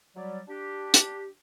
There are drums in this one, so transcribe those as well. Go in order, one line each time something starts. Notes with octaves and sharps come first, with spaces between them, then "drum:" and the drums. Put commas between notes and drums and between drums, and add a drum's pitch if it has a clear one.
F#3 G3 D5
D4 G4
drum: hi-hat